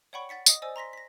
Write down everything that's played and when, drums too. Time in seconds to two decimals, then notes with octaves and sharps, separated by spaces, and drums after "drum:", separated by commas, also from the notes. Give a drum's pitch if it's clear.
0.13 C#5 D5 F#5 G5 B5 C#6
0.29 F#5 A6 B6 C#7
0.46 D#5 D#6, drum: tambourine
0.62 C5 D5 D#5 G#5 E6
0.76 A#5 C6 A#6 B6
0.93 A#6 B6